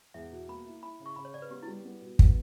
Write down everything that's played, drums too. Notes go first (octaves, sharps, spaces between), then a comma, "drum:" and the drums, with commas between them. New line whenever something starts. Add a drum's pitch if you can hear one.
E2 E5
B2
A#3 B5
E4
E4 B5
C#3
C#6
C#3 B5
C#5
C#3 D5
B4
B3 G4
G3 E4
B3
B2
B3, drum: kick